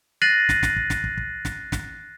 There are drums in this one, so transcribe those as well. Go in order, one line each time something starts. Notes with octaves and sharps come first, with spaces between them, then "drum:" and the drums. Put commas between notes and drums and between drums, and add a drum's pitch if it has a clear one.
F#6 A6 A#6 C7 D#7 F#7
drum: snare
drum: snare
drum: kick
drum: snare
drum: kick
drum: kick
drum: snare
drum: snare